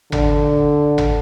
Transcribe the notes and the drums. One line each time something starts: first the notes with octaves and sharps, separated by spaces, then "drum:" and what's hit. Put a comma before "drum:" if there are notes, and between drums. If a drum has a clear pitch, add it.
D3, drum: tom G#1
drum: tom G#1